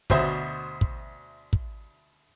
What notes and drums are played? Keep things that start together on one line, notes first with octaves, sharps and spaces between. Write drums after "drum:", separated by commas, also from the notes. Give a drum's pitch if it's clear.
D2 B2 C5 E5, drum: kick
drum: kick
drum: kick